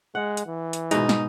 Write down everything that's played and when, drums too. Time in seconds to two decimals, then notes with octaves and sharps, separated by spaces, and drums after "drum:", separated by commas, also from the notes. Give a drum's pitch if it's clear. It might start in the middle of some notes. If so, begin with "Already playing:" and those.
0.15 G#3 F#5
0.37 drum: hi-hat
0.46 E3
0.73 drum: hi-hat
0.91 G#2 B2 D#4, drum: hi-hat
1.09 drum: snare